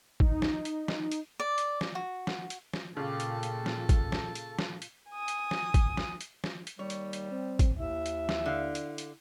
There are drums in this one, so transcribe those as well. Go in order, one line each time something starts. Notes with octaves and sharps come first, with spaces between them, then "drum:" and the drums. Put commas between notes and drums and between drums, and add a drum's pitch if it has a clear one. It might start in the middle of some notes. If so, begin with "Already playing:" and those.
D#4, drum: kick
drum: snare
drum: hi-hat
drum: snare
drum: hi-hat
D5
drum: hi-hat
drum: snare
F#4
drum: snare
drum: hi-hat
drum: snare
A#2 C#3 F4 G4 A4 A5
drum: hi-hat
drum: hi-hat
drum: snare
drum: kick, hi-hat
drum: snare
drum: hi-hat
drum: snare
drum: hi-hat
G#5 D#6
drum: hi-hat
drum: snare
drum: kick, hi-hat
drum: snare
drum: hi-hat
drum: snare
drum: hi-hat
D#2 G3 C#5
drum: hi-hat
drum: hi-hat
C4
drum: kick, hi-hat
D#2 E4 E5
drum: hi-hat
drum: snare
D3 F5
drum: hi-hat
drum: hi-hat